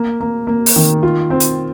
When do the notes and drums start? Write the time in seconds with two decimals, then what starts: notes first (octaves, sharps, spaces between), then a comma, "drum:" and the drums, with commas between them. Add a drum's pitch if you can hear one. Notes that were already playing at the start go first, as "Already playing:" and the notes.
Already playing: A#3
0.20 A#3
0.47 A#3
0.66 drum: open hi-hat
0.76 D#3
1.03 F4
1.30 C4
1.40 drum: hi-hat